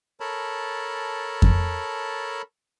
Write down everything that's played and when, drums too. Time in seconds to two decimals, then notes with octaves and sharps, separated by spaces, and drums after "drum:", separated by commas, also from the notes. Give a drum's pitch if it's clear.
0.20 A4 A#4 C#5 A5 B5
1.42 drum: kick F2